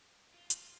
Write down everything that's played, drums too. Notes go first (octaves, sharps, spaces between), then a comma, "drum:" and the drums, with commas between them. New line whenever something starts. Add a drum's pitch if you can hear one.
F4
drum: hi-hat